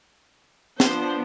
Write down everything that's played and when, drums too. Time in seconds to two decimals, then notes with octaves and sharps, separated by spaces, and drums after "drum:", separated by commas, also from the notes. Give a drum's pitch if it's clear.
0.80 F3 B3 D4 C5, drum: snare